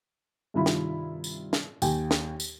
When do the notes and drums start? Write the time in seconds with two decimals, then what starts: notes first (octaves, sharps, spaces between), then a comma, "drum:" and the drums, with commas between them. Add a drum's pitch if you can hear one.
0.54 G2 C3 D#3 E4 F4 B5
0.66 drum: snare
1.24 drum: tambourine
1.53 drum: snare
1.82 D#2 G5 G#5, drum: tambourine
2.11 drum: snare
2.40 drum: tambourine